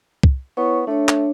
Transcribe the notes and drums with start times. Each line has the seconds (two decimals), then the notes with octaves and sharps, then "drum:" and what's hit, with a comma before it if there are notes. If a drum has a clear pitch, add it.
0.23 drum: kick
0.57 B3 E4 C#5 C#6
0.87 A3 D4 C#5
1.09 drum: clap